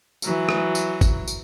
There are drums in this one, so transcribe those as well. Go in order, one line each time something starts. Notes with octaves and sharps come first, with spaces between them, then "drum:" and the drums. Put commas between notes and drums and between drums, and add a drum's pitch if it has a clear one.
E3 F#3, drum: tambourine
drum: rim click
drum: tambourine
drum: kick, tambourine
drum: tambourine